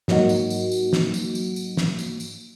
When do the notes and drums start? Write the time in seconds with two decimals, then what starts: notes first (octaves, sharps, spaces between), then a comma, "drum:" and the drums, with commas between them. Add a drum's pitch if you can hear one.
0.08 G#2 F#3 A#3 D#4 F#4, drum: snare
0.29 drum: tambourine
0.50 drum: tambourine
0.72 drum: tambourine
0.93 drum: snare
1.14 drum: tambourine
1.35 drum: tambourine
1.56 drum: tambourine
1.77 drum: snare
1.99 drum: tambourine
2.20 drum: tambourine